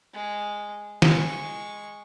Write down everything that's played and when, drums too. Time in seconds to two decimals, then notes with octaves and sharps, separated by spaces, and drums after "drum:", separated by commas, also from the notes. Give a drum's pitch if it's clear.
0.14 G#3
1.02 G#3 C#6, drum: snare